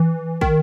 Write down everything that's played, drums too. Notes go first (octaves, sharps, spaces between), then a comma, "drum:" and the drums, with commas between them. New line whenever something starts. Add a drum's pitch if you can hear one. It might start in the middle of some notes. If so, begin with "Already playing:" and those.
Already playing: E3
D#3, drum: kick